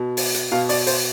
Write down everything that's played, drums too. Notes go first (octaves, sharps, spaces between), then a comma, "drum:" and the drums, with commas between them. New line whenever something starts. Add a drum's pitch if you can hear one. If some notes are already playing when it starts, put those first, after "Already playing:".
Already playing: B2
drum: open hi-hat
drum: hi-hat
B2 F5
D5, drum: open hi-hat
C5, drum: open hi-hat